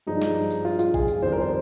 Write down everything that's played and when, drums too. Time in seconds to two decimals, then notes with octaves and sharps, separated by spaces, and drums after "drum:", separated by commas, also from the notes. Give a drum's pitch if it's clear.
0.07 G2 F3 G#3 D#4
0.22 drum: snare
0.50 drum: tambourine
0.65 F4
0.79 F4, drum: tambourine
0.94 G#4, drum: kick A#1
1.08 drum: tambourine
1.22 F2 D#3 G3 C5
1.32 A#4
1.41 C5